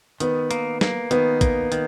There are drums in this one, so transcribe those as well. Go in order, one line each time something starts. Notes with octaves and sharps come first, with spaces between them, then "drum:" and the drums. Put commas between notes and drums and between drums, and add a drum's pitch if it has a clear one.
D#3 B3, drum: hi-hat
A#3, drum: hi-hat
A#3, drum: snare
D#3 B3, drum: hi-hat
A#3, drum: kick, hi-hat
D#3, drum: hi-hat